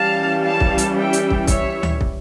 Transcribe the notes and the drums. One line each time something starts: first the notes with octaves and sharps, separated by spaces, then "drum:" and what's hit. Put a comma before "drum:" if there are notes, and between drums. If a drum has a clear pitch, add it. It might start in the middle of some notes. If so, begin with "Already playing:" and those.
Already playing: E3 G3 C#4 F5 A5
F5 A5
drum: kick
drum: hi-hat
E5 G5
drum: hi-hat
drum: kick
C#5 E5, drum: kick, hi-hat
drum: tom D2
drum: kick